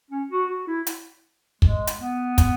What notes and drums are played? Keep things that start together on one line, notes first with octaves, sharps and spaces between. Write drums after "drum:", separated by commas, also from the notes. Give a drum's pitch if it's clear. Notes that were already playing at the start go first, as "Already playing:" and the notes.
C#4
F#4
F#4
E4
drum: hi-hat
G#3, drum: kick
drum: hi-hat
B3
drum: kick, hi-hat